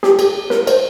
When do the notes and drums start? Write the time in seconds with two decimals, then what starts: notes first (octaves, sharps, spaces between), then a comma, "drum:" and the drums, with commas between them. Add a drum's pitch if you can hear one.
0.03 G4, drum: snare
0.19 G4, drum: cymbal
0.50 A#4, drum: snare
0.67 C5, drum: cymbal